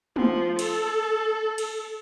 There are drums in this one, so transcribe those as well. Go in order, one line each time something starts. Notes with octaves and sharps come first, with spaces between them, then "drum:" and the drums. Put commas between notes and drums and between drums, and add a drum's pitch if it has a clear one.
F3, drum: tom G#3
A4, drum: cymbal
drum: cymbal